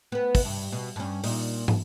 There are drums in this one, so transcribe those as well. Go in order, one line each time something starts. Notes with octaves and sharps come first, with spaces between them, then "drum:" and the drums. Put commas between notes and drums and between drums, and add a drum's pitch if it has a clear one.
B3 B4
drum: kick, open hi-hat
G2
B2
G2 C#4
A#2 D#4, drum: open hi-hat
drum: tom